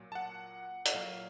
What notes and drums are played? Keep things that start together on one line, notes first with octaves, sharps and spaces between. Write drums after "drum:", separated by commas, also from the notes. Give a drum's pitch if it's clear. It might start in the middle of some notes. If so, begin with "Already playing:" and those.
Already playing: A#2 F#3
A5
F#5
F#5, drum: hi-hat
A#2 F#3 F5